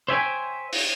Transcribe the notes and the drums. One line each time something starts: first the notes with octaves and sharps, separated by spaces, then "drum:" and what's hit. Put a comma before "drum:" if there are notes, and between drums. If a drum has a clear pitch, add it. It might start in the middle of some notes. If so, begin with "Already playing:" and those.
C5 C#5 E5 G5 G#5
drum: open hi-hat